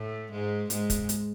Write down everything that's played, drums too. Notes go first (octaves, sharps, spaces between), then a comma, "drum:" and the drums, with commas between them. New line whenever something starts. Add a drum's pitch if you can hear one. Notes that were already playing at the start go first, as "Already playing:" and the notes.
Already playing: A2 A3
G#2 G#3
G#2 G#3, drum: hi-hat
drum: kick, hi-hat
drum: hi-hat